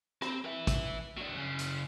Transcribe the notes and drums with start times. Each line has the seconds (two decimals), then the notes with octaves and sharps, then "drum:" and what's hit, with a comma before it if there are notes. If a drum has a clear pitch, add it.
0.22 C4, drum: rim click
0.45 B4 E5
0.67 drum: kick, hi-hat
1.17 F#3 D4
1.35 F#2 C#3
1.59 drum: hi-hat